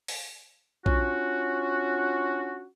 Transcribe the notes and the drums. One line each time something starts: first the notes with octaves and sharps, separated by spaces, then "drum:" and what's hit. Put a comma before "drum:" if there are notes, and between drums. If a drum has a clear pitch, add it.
drum: open hi-hat
C#4 D4 F4 F#4, drum: kick